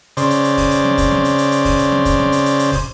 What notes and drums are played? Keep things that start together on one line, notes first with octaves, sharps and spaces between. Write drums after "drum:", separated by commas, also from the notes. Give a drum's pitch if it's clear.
C#3 C5 D5, drum: hi-hat
drum: hi-hat
drum: hi-hat
drum: kick, open hi-hat
drum: hi-hat
drum: snare
drum: kick, hi-hat
drum: snare
drum: hi-hat
drum: hi-hat
drum: hi-hat
drum: kick, open hi-hat
drum: hi-hat
drum: snare
drum: kick, hi-hat
drum: snare
drum: hi-hat
drum: hi-hat
drum: hi-hat
drum: kick, open hi-hat